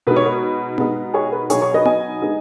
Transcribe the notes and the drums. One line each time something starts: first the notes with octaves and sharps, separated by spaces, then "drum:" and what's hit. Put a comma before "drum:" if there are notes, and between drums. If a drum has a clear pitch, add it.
B2 G#3 B3 D#4 B4
C#5
B4
B2 G#3 B3 D#4, drum: tom B3
G#4 C#5
B4
B2 F#3 B3 D#4 G#4 C#5, drum: hi-hat
G#4 C#5
B4 D#5
D#5 G#5, drum: tom B3
G#3 B3 D#4